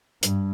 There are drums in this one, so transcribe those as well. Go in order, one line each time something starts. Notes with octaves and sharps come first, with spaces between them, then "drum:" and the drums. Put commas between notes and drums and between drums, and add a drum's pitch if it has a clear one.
G2, drum: hi-hat